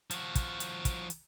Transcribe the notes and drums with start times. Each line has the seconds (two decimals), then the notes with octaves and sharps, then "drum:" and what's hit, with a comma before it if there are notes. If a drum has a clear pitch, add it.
0.11 F3 F#4, drum: hi-hat
0.35 drum: kick, hi-hat
0.60 drum: hi-hat
0.85 drum: kick, hi-hat
1.10 drum: hi-hat